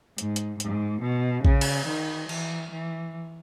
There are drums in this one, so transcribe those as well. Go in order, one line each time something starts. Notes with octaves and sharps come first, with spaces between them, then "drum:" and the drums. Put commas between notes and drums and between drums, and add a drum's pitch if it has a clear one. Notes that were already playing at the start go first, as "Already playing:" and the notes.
G#2, drum: hi-hat
drum: hi-hat
G#2, drum: hi-hat
B2
C#3, drum: kick A#1
drum: cymbal
D#3
E3, drum: cymbal
E3